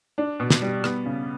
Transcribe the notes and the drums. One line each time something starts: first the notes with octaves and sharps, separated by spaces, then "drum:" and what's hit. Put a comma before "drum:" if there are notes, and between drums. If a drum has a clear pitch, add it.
D4
B2
drum: snare
G3
B3, drum: rim click
C#3